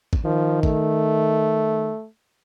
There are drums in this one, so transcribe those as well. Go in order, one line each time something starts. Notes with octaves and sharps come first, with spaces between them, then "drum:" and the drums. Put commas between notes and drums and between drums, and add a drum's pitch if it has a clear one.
drum: kick
D#3 F3
A3, drum: kick